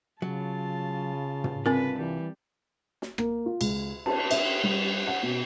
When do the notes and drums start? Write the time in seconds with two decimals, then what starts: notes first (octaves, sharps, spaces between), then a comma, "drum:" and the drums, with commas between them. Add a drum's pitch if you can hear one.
0.22 C#3 F#3 F4 A5
1.44 drum: tom
1.66 C2 C4 D4 F4 A#4 B4 A5
1.98 E3 G3
3.02 drum: snare
3.18 A#3, drum: rim click
3.46 F4
3.61 C#2, drum: cymbal
4.06 A5, drum: cymbal
4.31 E5, drum: cymbal
4.63 G3
5.07 F#5
5.23 B2